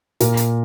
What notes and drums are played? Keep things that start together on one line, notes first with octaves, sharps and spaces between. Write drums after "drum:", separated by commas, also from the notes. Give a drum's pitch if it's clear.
A#2 A#4, drum: hi-hat
drum: hi-hat